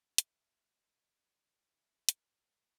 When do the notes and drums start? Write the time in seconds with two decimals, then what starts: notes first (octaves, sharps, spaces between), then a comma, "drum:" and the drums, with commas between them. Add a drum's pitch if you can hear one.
0.18 E5, drum: hi-hat
0.70 C5 D#5
1.15 D4
1.63 E4
2.09 A#4, drum: hi-hat